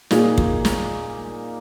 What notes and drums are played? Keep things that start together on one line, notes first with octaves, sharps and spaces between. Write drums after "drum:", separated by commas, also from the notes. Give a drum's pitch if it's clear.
A#2 A#3 D#4 G#4, drum: snare
drum: kick
drum: snare